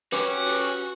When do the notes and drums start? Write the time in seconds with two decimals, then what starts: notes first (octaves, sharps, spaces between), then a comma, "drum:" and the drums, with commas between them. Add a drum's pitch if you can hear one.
0.12 C#4 F#4 G4 B4 D6, drum: hi-hat
0.46 drum: open hi-hat